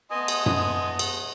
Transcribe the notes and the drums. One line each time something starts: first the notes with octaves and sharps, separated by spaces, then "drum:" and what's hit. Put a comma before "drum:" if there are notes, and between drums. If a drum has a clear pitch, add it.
A3 B3 D#5 G#5 C6 D#6
drum: cymbal
drum: tom F#2
drum: cymbal